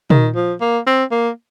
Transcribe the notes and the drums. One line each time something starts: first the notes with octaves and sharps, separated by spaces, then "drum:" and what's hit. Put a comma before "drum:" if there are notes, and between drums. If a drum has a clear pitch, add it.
D#3, drum: tom
F3
A#3
C4
A#3